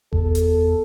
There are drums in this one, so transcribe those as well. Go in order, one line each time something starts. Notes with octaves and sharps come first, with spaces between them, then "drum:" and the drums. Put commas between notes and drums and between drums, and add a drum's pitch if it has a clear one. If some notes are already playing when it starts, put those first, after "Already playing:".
E2 A4, drum: kick F#1
drum: hi-hat